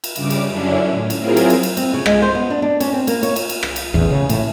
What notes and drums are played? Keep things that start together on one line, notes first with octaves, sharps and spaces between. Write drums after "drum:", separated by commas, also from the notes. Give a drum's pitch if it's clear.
drum: cymbal
G2 C#3 D6, drum: cymbal
drum: cymbal
F#2 D3 C#4 D4 E4
A2
drum: cymbal
F#3 C4 E4 F4 G#4 A#4
drum: cymbal
drum: cymbal
drum: cymbal
C4, drum: cymbal
C#3
G#3, drum: rim click
C5
B3
D4
D4
C#4, drum: cymbal
C4
A#3, drum: cymbal
C#5, drum: cymbal
drum: cymbal
drum: cymbal
drum: rim click
drum: cymbal
A1 E2
C#3
A2, drum: cymbal